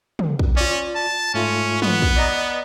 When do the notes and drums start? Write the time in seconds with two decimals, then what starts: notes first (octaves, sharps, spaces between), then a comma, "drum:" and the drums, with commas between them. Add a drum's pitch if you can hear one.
0.19 drum: tom
0.39 drum: kick
0.57 C#4 F4 D5
0.95 A5
1.34 G#2 A3 C#4 F4
1.82 B3, drum: tom
2.02 drum: kick
2.16 D5 D#5 A#5